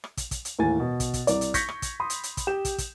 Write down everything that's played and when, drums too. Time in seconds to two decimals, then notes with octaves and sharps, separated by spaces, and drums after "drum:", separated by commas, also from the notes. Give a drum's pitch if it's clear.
0.04 drum: rim click
0.17 drum: kick, hi-hat
0.31 drum: kick, hi-hat
0.45 drum: hi-hat
0.59 D#2 A2 E3 G#5 A6
0.80 B2
1.00 drum: kick, hi-hat
1.14 drum: kick, hi-hat
1.27 C2 D5, drum: hi-hat
1.41 drum: hi-hat
1.54 C#6 G6 G#6 A#6 B6 C#7, drum: kick, hi-hat
1.68 drum: rim click
1.82 drum: kick, hi-hat
2.00 B5 C6 D#6
2.10 drum: hi-hat
2.23 drum: hi-hat
2.37 drum: kick, hi-hat
2.47 G4 G6 E7
2.65 drum: kick, hi-hat
2.78 drum: kick, hi-hat